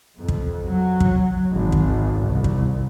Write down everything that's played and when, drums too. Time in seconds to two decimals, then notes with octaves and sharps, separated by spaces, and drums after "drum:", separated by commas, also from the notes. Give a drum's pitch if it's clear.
0.16 F2
0.28 drum: kick
0.65 F#3
1.00 drum: kick
1.54 G#1
1.72 drum: kick
2.22 C2
2.44 drum: kick